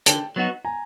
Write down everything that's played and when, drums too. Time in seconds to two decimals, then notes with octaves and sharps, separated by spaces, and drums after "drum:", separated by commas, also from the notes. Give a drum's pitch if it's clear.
0.06 D3 G5 A5, drum: hi-hat
0.36 F#3 B3 D#4 F#4
0.65 G#5 A#5